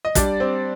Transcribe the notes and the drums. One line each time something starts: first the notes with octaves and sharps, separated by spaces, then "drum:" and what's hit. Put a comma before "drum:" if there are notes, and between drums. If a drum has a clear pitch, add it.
D#5
G3 D4 D5, drum: kick, hi-hat
C4